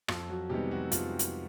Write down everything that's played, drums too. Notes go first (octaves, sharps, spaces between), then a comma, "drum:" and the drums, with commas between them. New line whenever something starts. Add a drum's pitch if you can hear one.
F2 F4, drum: rim click
F#3 F#4
C3 D#3 G3 G#3 B3 G4
F#3 F#4
F2 F4, drum: hi-hat
drum: hi-hat